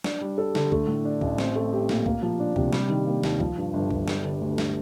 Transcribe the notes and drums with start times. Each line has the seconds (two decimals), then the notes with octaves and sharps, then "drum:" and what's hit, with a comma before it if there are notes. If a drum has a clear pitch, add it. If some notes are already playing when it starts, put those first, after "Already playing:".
0.04 D4, drum: snare
0.21 G3
0.38 A4
0.55 D3, drum: snare
0.72 A3, drum: kick C#2
0.88 A2
1.05 D4
1.21 A1, drum: kick C#2
1.38 C4, drum: snare
1.56 A3
1.72 G4
1.89 A#2, drum: snare
2.06 A#3, drum: kick C#2
2.22 F3
2.40 D4
2.56 C3, drum: kick C#2
2.73 G3, drum: snare
2.90 D#3
3.06 A#3
3.23 D#2, drum: snare
3.40 F3, drum: kick C#2
3.57 G2
3.73 G1
3.91 G1, drum: kick C#2
4.08 G3, drum: snare
4.24 D3
4.41 D2
4.58 drum: snare